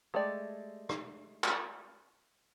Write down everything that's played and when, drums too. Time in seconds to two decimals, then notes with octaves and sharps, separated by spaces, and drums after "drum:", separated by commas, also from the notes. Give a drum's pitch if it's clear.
0.14 G#3 A3 G4 D5
0.89 drum: rim click
1.44 drum: clap